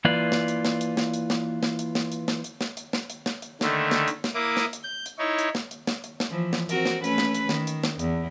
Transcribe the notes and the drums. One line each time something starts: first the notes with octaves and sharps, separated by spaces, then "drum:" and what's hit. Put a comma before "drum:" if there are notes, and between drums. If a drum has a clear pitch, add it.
E3 A#3 E4 F4 B4 D5
drum: snare
drum: hi-hat
drum: snare
drum: hi-hat
drum: snare
drum: hi-hat
drum: snare
drum: snare
drum: hi-hat
drum: snare
drum: hi-hat
drum: snare
drum: hi-hat
drum: snare
drum: hi-hat
drum: snare
drum: hi-hat
drum: snare
drum: hi-hat
D3 D#3 A3, drum: snare
drum: snare
drum: hi-hat
drum: snare
A#3 E4 D6 D#6
drum: snare
drum: hi-hat
G6
drum: hi-hat
D#4 E4 C#5
drum: hi-hat
drum: snare
drum: hi-hat
drum: snare
drum: hi-hat
drum: snare
E3 F3
drum: snare
C4 F#4 A#4, drum: hi-hat
drum: snare
A3 C#4 B4, drum: hi-hat
drum: snare
drum: hi-hat
D#3, drum: snare
drum: hi-hat
drum: snare
E2, drum: hi-hat